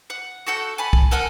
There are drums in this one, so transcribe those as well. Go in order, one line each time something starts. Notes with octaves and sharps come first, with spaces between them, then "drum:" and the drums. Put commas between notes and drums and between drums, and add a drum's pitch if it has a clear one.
F#5
F#4 A4 F#5 G6
G#5 A5 B5
drum: kick
A4 A#4 F#5 G#5